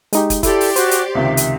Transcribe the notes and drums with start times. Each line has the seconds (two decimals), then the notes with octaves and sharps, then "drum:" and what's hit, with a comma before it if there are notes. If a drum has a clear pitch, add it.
0.13 G#3 D#4 G4, drum: hi-hat
0.30 drum: kick, hi-hat
0.43 E4 G4 A4 D5 C6, drum: kick, hi-hat
0.61 drum: open hi-hat
0.76 F#4 C5, drum: hi-hat
0.91 drum: hi-hat
1.15 C#2 C3 D#3 E5
1.37 drum: hi-hat